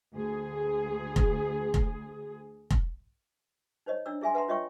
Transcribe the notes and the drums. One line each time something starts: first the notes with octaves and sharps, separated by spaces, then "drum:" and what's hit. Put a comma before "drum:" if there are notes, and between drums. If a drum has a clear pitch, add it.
D2 G#4
drum: kick F1
drum: kick F1
drum: kick F1
D#4 C5 C#5 D#5
D4 E4 D5 E6
E4 G#4 E5 G#5 C6
B4 E5 F#5 A5 A#5 C6
F4 C#5 D#5 E5 G5 C#6